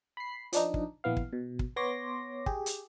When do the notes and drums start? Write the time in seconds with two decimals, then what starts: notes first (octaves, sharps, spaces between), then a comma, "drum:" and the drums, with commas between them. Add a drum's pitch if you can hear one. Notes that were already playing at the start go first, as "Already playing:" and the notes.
0.17 B5 C7
0.53 F3 D4 D#4, drum: hi-hat
0.74 drum: kick
1.04 A#1 E3 B3 F5
1.17 drum: kick
1.33 B2
1.59 drum: kick
1.76 B3 C#5 C6 D6 A#6
2.46 G4 G#4, drum: kick
2.66 drum: hi-hat